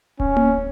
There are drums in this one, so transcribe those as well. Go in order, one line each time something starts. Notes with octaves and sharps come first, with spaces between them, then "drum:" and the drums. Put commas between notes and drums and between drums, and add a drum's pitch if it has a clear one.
C#4, drum: kick D1
drum: tom A#3